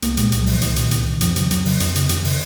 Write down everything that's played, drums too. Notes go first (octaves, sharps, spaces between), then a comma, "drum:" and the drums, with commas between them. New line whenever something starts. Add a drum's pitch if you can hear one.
C2 A#3, drum: hi-hat
A#2 G#3, drum: hi-hat
C2 G#3, drum: hi-hat
F#3
A#2, drum: open hi-hat
F3
C2 D#3, drum: hi-hat
A#2, drum: hi-hat
C2 D#3, drum: hi-hat
A#2
F2 F3, drum: hi-hat
C#3 F#3, drum: hi-hat
F3
F2 F#3, drum: hi-hat
C#3, drum: open hi-hat
F2, drum: hi-hat
C#3, drum: hi-hat
F2 D#3, drum: hi-hat
C#3, drum: open hi-hat